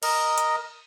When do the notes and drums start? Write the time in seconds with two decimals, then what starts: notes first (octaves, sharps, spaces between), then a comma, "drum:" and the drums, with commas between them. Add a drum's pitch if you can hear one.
0.03 A#4 D#5, drum: cymbal
0.38 drum: hi-hat